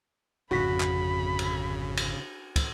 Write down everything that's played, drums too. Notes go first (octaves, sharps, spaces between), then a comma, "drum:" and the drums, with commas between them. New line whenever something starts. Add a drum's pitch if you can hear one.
G#1 F2 C#3 F#4 B5 B6
drum: clap
drum: cymbal
drum: cymbal
drum: kick, cymbal